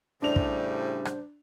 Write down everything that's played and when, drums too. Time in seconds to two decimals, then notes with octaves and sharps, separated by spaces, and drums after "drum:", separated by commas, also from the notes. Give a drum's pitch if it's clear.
0.22 A2 C#3 G3 D4 C5 F7
0.36 drum: kick
1.05 drum: rim click